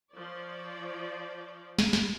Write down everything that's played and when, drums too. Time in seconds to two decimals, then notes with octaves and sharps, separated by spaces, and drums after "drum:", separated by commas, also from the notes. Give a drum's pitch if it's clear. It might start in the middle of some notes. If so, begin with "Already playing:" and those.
0.13 F3 C#5 D5
1.79 drum: snare
1.93 drum: snare